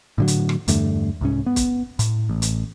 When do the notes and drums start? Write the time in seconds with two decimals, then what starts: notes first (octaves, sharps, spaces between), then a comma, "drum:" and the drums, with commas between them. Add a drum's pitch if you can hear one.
0.18 A2 D3 F#3
0.28 drum: hi-hat
0.49 drum: rim click
0.68 E2 G2 D3 A3, drum: hi-hat
1.21 C2 G#2 C#4
1.46 B3
1.56 drum: kick, hi-hat
1.99 A2, drum: hi-hat
2.29 A1
2.42 drum: hi-hat